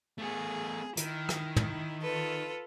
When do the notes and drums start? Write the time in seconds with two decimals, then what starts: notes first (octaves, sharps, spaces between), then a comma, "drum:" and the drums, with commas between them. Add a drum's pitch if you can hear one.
0.19 A3 B3 G#4
0.97 D#3 E4, drum: hi-hat
1.29 drum: rim click
1.56 drum: tom
2.01 F4 A4 B4